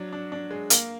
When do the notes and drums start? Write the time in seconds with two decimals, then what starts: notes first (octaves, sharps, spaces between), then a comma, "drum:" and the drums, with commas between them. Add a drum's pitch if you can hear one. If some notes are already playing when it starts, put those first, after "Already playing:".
Already playing: F#3 D4
0.12 D4
0.32 D4
0.51 G#3
0.70 A#3, drum: hi-hat